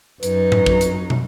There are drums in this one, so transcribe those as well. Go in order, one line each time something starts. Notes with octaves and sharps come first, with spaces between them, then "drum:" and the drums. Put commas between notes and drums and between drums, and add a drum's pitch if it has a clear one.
F#2 F#3 D#4 B4, drum: hi-hat
drum: tom G#2
drum: kick
drum: hi-hat
drum: tom